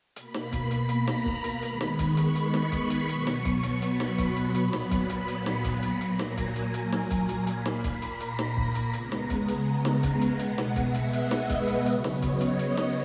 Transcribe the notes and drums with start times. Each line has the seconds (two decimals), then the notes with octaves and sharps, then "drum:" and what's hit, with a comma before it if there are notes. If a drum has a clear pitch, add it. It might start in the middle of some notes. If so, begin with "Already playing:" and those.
0.16 B2 A#3 B5, drum: hi-hat
0.34 drum: snare
0.53 drum: kick, hi-hat
0.71 drum: hi-hat
0.89 A#5, drum: hi-hat
1.07 drum: snare
1.26 A#5, drum: kick
1.44 drum: hi-hat
1.62 D#3 G#3 B3 B5, drum: hi-hat
1.81 drum: snare
1.99 C#6, drum: kick, hi-hat
2.17 drum: hi-hat
2.36 B5, drum: hi-hat
2.54 drum: snare
2.72 C#6, drum: kick, hi-hat
2.90 drum: hi-hat
3.09 B2 F#3 B3, drum: hi-hat
3.27 drum: snare
3.45 drum: kick, hi-hat
3.63 drum: hi-hat
3.82 B5, drum: hi-hat
4.00 drum: snare
4.18 C#6, drum: kick, hi-hat
4.37 drum: hi-hat
4.55 A#2 F#3 B3 B5, drum: hi-hat
4.73 drum: snare
4.91 drum: kick, hi-hat
5.10 drum: hi-hat
5.28 drum: hi-hat
5.46 drum: snare
5.64 drum: kick, hi-hat
5.83 drum: hi-hat
6.01 A#2 F#3 A#3 A#5, drum: hi-hat
6.19 drum: snare
6.38 G#5, drum: kick, hi-hat
6.56 drum: hi-hat
6.74 G#5, drum: hi-hat
6.92 drum: snare
7.11 drum: kick, hi-hat
7.29 drum: hi-hat
7.47 A#2 A#3 B5, drum: hi-hat
7.66 drum: snare
7.84 A#5, drum: kick, hi-hat
8.02 drum: hi-hat
8.21 B5, drum: hi-hat
8.39 drum: snare
8.57 A#5, drum: kick
8.75 drum: hi-hat
8.94 C#3 G#3 B3, drum: hi-hat
9.12 drum: snare
9.30 drum: kick, hi-hat
9.48 drum: hi-hat
9.85 drum: snare
10.03 drum: kick, hi-hat
10.21 drum: hi-hat
10.39 B2 G#3 B3 F#5, drum: hi-hat
10.58 drum: snare
10.76 E5, drum: kick, hi-hat
10.95 drum: hi-hat
11.13 D#5, drum: hi-hat
11.31 drum: snare
11.50 B4, drum: kick, hi-hat
11.68 drum: hi-hat
11.86 C#3 F#3 B3 C#5, drum: hi-hat
12.04 drum: snare
12.22 D#5, drum: kick, hi-hat
12.41 drum: hi-hat
12.59 D#5, drum: hi-hat
12.77 drum: snare